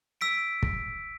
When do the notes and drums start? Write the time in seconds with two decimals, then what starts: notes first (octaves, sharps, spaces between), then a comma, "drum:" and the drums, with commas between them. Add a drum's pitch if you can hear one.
0.21 E6 B6 D7
0.63 drum: kick